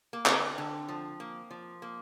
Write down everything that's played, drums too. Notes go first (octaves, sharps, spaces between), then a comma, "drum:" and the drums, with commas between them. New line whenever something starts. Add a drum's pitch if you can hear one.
A#3
D3 C4, drum: clap
D3
F3
A#3
F3
A#3